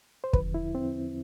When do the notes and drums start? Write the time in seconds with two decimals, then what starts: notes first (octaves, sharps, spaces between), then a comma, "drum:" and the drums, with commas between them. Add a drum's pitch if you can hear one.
0.24 C5
0.33 E2 D3 F3 B4, drum: kick
0.54 E4
0.75 C4